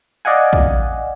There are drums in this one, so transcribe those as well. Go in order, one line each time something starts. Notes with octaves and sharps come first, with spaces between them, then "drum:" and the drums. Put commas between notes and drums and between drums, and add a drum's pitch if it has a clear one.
D5 D#5 F5 F#5 G#5
drum: kick